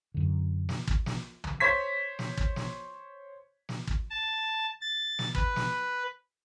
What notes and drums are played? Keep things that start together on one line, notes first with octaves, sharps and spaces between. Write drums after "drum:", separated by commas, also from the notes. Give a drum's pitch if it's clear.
F#2 D3
drum: snare
drum: kick
drum: snare
drum: tom
C5 C#5 C#6 G#6 B6
drum: snare
drum: kick
drum: snare
drum: snare
drum: kick
A5
A6
drum: snare
B4, drum: kick
drum: snare